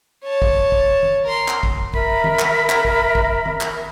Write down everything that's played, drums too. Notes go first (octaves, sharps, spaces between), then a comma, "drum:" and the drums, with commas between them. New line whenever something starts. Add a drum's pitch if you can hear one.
C#5 A5
drum: kick
drum: kick
drum: tom D#3
A#4 C6
drum: clap
drum: kick
A#4 E5 B5, drum: kick
drum: tom D#3
drum: clap
drum: clap
drum: kick
drum: kick
drum: tom D#3
drum: clap